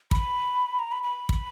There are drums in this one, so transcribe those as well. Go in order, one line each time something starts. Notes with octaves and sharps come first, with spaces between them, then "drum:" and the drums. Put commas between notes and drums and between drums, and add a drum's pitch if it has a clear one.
B5, drum: kick
A#5
B5
B5
drum: kick